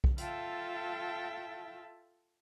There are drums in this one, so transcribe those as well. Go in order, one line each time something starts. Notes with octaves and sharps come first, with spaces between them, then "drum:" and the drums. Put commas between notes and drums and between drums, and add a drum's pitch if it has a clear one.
drum: kick B1
F4 A4 E5 F5 G5 A5, drum: hi-hat